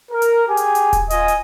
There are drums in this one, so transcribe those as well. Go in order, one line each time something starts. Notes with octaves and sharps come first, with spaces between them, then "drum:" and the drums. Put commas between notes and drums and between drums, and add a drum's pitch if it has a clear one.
A#4
drum: hi-hat
G4 G#4 G#5
drum: hi-hat
drum: hi-hat
drum: kick D#1, hi-hat
F4 D#5 G#5, drum: hi-hat
drum: hi-hat